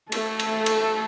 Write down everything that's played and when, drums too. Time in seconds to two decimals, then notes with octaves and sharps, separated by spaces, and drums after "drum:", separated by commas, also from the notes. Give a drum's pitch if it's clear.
0.12 A3 A4, drum: cymbal
0.39 drum: cymbal
0.66 drum: cymbal